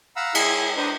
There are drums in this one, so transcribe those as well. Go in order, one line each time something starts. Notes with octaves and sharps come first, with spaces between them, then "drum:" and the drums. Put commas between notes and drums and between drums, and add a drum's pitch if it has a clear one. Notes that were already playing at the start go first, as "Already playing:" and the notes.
F5 F#5 A#5 B5 E6
E4 G#4 D#5, drum: cymbal
D4 B4 C5 D#5 A#5 D#6